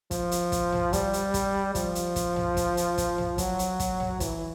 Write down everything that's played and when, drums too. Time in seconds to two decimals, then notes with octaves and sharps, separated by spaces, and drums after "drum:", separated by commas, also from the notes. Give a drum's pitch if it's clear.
0.11 F3, drum: kick, hi-hat
0.32 drum: hi-hat
0.52 drum: kick, hi-hat
0.72 drum: tom A#1
0.93 G3, drum: kick, hi-hat
1.13 drum: hi-hat
1.34 drum: kick, hi-hat
1.75 F3, drum: kick, hi-hat
1.95 drum: hi-hat
2.16 drum: kick, hi-hat
2.36 drum: tom A#1
2.57 drum: kick, hi-hat
2.77 drum: hi-hat
2.98 drum: kick, hi-hat
3.18 drum: tom A#1
3.38 F#3, drum: kick, hi-hat
3.59 drum: hi-hat
3.80 drum: kick, hi-hat
4.00 drum: tom A#1
4.20 E3, drum: kick, hi-hat